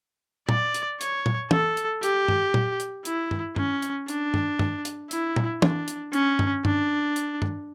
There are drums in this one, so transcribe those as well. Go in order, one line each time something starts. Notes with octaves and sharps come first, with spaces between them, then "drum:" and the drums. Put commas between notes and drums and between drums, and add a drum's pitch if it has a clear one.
D5, drum: tom A#2
drum: hi-hat
C#5, drum: hi-hat
drum: tom A#2
A4, drum: tom
drum: hi-hat
G4, drum: hi-hat
drum: tom G2
drum: tom A#2
drum: hi-hat
E4, drum: hi-hat
drum: tom G2
C#4, drum: tom G2
drum: hi-hat
D4, drum: hi-hat
drum: tom G2
drum: tom G2
drum: hi-hat
E4, drum: hi-hat
drum: tom A#2
D4, drum: tom
drum: hi-hat
C#4, drum: hi-hat
drum: tom G2
D4, drum: tom G2
drum: hi-hat
drum: tom G2